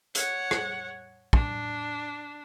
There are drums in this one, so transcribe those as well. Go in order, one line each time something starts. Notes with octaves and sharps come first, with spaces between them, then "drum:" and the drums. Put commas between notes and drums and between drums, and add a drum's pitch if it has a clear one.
C#5 F#5, drum: hi-hat
drum: rim click
D4, drum: kick